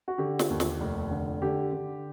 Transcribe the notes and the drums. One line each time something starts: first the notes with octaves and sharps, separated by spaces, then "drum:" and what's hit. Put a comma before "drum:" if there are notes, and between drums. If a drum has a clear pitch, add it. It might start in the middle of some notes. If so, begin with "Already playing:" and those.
F#4
D3 G4
drum: snare
D#2
drum: snare
F1
D3
D3 G4
D3